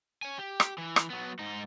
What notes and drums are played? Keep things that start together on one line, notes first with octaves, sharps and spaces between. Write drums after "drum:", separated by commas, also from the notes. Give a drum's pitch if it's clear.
C#5 G#5
G4
drum: rim click
E3
drum: rim click
F#3 B3
G#2 D#4